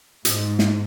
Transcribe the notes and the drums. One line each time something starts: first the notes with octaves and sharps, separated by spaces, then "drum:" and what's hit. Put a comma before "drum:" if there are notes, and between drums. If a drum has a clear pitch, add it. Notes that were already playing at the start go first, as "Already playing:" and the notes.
G#2, drum: hi-hat
drum: snare